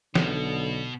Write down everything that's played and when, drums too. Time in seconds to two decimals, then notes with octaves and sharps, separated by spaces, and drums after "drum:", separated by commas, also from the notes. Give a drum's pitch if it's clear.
0.15 B1 B2 D3, drum: snare